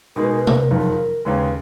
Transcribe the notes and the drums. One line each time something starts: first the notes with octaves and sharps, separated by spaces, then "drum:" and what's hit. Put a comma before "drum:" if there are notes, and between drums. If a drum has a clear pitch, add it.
B2 G#3 D#4 G#4 A#4
B4
A#4
B4
A#4, drum: tom C3
B4
A#4
F#1 F2 D#3 B4
A#4
D#2 C#3 G#3 B4